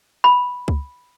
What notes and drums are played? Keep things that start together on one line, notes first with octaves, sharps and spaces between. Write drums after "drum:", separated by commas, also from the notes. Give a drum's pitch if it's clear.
B5
drum: kick C#2